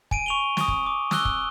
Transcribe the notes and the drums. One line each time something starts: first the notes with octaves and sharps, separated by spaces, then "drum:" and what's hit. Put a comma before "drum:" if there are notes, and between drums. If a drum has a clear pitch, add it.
G#5 D7 D#7, drum: kick
C#6 F7 G7
C#6 D#6, drum: snare
drum: kick
D6
D#6 E6 F#6 G7, drum: snare
drum: kick